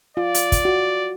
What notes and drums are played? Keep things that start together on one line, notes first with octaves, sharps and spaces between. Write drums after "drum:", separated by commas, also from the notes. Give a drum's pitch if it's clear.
F4 D5
drum: hi-hat
drum: kick, hi-hat
F#4